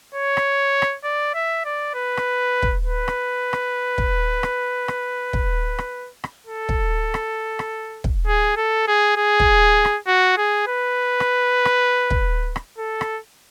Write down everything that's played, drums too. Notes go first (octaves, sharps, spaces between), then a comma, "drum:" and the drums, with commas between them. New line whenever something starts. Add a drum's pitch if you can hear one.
C#5
drum: rim click
drum: rim click
D5
E5
D5
B4
drum: rim click
drum: kick
B4
drum: rim click
drum: rim click
drum: kick
drum: rim click
drum: rim click
drum: kick
drum: rim click
drum: rim click
A4
drum: kick
drum: rim click
drum: rim click
drum: kick
G#4
A4
G#4
G#4
drum: kick
drum: rim click
F#4
G#4
B4
drum: rim click
drum: rim click
drum: kick
drum: rim click
A4
drum: rim click